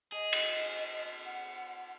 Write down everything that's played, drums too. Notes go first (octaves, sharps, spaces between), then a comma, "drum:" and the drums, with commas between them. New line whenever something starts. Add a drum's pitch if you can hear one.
G#4 D#5
drum: cymbal
F#5